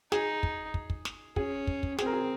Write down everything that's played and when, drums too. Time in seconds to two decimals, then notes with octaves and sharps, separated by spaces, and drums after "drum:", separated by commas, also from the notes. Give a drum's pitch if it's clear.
0.12 D#4 G#4, drum: snare
0.43 drum: kick
0.74 drum: kick
0.90 drum: kick
1.05 drum: snare
1.36 C#4 G#4, drum: kick
1.67 drum: kick
1.83 drum: kick
1.98 C4 G#4, drum: snare
2.06 A#4
2.13 G#4